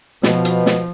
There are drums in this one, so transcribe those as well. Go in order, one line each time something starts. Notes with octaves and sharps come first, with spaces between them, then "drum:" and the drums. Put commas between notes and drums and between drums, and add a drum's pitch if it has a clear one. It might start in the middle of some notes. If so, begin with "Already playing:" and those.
B2 F3, drum: snare
drum: hi-hat
drum: snare